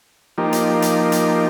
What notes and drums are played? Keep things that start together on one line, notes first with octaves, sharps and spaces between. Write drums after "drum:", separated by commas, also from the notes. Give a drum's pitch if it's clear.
F3 A#3 D#4 G4
drum: hi-hat
drum: hi-hat
drum: hi-hat